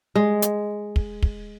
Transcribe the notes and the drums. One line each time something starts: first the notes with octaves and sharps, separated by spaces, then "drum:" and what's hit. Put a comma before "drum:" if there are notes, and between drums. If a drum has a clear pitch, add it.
G#3
drum: hi-hat
drum: kick
drum: kick